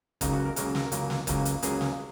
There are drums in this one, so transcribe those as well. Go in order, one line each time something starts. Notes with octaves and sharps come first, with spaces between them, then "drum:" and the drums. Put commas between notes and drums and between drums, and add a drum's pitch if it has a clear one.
C#2 C#3 F#3 A#3 D#4, drum: kick F#1, hi-hat
F#4
A#4
C#2 C#3 F#3 A#3 A#4, drum: hi-hat
A#4, drum: snare
C#2 C#3 F#3 A#3, drum: hi-hat
drum: snare
C#2 C#3 F#3 A#3, drum: kick F#1, hi-hat
drum: hi-hat
C#2 C#3 F#3 A#3 G#4, drum: hi-hat
drum: snare